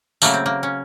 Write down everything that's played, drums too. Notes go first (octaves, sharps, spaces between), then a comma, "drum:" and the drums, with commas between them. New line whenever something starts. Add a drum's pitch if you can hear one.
C#3 F#3 A3 A#3, drum: tambourine
C4
A#3
C#4